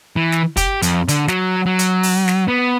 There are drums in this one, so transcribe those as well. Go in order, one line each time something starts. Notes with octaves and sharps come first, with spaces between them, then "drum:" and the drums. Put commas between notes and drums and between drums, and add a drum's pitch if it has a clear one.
E3
drum: snare
G4, drum: kick, hi-hat
F2, drum: hi-hat
D3, drum: hi-hat
F#3, drum: snare
F#3
drum: hi-hat
drum: open hi-hat
drum: snare
B3